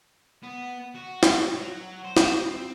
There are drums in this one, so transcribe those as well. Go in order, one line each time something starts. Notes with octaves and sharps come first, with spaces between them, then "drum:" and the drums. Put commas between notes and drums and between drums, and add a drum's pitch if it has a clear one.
B3
F#4
drum: snare
F#3
C5
drum: snare
C4